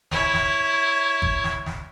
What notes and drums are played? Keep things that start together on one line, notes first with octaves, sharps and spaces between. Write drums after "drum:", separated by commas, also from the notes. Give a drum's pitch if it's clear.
E4 C#5, drum: snare
drum: snare
drum: kick
drum: snare
drum: snare